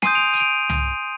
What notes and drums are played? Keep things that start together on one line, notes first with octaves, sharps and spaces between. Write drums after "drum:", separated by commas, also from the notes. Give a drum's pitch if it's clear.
G#5 C6 D#6 G6 C7 D#7, drum: snare
D7 F7
D#7, drum: hi-hat
D7 F7
drum: tom